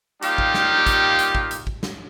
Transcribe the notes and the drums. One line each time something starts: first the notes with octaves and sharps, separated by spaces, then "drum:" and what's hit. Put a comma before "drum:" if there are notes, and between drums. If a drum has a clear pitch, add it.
G3 A#3 D#4 F4 G4, drum: hi-hat
drum: kick
drum: snare
drum: kick, hi-hat
drum: hi-hat
drum: kick
drum: hi-hat
drum: kick
drum: snare